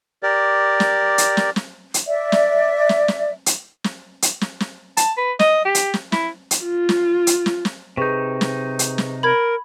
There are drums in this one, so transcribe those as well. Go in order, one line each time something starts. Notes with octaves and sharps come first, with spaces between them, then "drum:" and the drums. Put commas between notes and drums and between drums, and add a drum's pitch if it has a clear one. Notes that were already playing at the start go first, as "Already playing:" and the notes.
G4 A#4 D5
drum: snare
drum: hi-hat
drum: snare
drum: snare
drum: hi-hat
D5 E5
drum: snare
drum: snare
drum: snare
drum: hi-hat
drum: snare
drum: hi-hat
drum: snare
drum: snare
A5, drum: hi-hat
B4
D#5, drum: snare
G4
drum: hi-hat
drum: snare
E4, drum: snare
drum: hi-hat
F4
drum: snare
drum: hi-hat
drum: snare
drum: snare
C3 D#4 G#4 B4 C#6
drum: snare
drum: hi-hat
drum: snare
A#4 B5 G#6